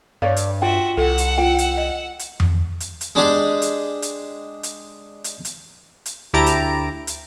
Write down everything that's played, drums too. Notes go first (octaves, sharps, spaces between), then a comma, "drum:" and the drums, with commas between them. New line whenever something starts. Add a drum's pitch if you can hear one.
G2 C#5 D5 F5
drum: hi-hat
F4 F#4 E5 G5
C2 A4 F#5 E6
drum: hi-hat
F4 G5
drum: hi-hat
D#5
drum: hi-hat
drum: tom F2
drum: hi-hat
drum: hi-hat
G#3 D4 G4 G#4
drum: hi-hat
drum: hi-hat
drum: hi-hat
drum: hi-hat
drum: hi-hat
drum: hi-hat
D2 E4 G4 A5 A#5 D7
drum: hi-hat
drum: hi-hat